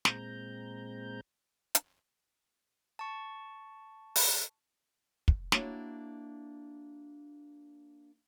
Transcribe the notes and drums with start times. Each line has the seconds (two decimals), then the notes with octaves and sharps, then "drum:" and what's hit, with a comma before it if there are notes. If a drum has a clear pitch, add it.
0.05 A#2 G#3 C4 A#5 G6, drum: snare
1.75 drum: hi-hat
2.99 A5 C#6
4.16 drum: open hi-hat
5.28 drum: kick
5.52 A#3 D4 E4 F#4 C#5, drum: snare